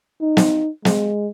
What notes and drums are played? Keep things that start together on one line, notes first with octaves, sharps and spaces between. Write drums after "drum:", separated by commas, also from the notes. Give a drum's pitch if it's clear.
D#4
drum: snare
G#3, drum: snare